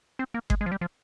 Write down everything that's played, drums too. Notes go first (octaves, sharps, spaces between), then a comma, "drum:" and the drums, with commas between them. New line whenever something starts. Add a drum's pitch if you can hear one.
C4
A#3
G#3, drum: kick G1
G#3
F3
G3
F3